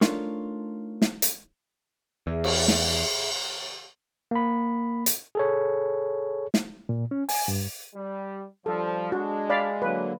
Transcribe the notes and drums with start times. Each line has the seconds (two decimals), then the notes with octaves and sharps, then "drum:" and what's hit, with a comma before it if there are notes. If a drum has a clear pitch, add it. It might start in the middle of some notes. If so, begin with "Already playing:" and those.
0.01 A3 D4 D#4 F4 A#4 C#5, drum: snare
1.02 drum: snare
1.22 drum: hi-hat
2.27 E2 G#4 E5
2.44 drum: cymbal
2.68 drum: snare
4.31 A#3 B5
5.06 drum: hi-hat
5.35 G#4 A4 C#5
6.54 drum: snare
6.89 A#2
7.11 C#4
7.29 G#5, drum: open hi-hat
7.48 G2
7.95 G3
8.66 F3 G3 A4
9.12 G#3 D4 F#4
9.50 D5 F5 B5
9.82 D3 F#3 A#3 B4